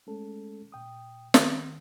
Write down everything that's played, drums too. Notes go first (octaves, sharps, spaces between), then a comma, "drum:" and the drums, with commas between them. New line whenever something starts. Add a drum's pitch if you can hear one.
G#3 A3 C#4 A4
A#2 G5 D#6
D#3, drum: snare